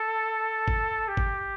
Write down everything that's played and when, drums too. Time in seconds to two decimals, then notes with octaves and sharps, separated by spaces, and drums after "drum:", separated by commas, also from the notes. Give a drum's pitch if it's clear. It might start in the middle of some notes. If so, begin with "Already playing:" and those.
Already playing: A4
0.68 drum: kick G#1
1.08 G4
1.17 drum: kick G#1